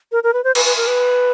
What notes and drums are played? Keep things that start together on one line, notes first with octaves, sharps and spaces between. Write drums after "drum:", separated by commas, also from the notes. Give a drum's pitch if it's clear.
A#4
A#4
B4
C5
B4, drum: cymbal
B4
A#4
B4